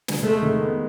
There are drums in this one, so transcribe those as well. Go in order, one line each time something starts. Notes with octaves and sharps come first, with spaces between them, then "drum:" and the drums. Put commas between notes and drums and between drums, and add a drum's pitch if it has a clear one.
drum: snare
G#3 A3
D#3
B3